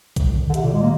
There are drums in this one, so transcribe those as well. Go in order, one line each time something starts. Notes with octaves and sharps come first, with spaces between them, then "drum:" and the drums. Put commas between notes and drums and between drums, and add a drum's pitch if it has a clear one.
D3, drum: kick, hi-hat
D#3
D3
C3, drum: hi-hat
A#2
G#3
A#3